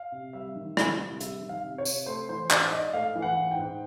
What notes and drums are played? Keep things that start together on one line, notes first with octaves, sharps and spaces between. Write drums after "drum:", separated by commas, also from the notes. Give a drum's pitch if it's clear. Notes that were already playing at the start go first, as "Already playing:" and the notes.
Already playing: F5
C3
G3 E5
D#3
C3, drum: rim click
C3
G3 E5, drum: hi-hat
D#3
F5
C3
C#5
C3, drum: tambourine
A3 C5
E3 C5
G#2 D5, drum: clap
G#2 D#5
A3 F5
E3
F#5
G#2
G5
G#2